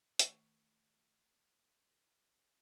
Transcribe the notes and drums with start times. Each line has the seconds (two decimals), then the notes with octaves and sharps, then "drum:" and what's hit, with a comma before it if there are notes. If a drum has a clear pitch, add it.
0.19 D#3 A3 C#6, drum: hi-hat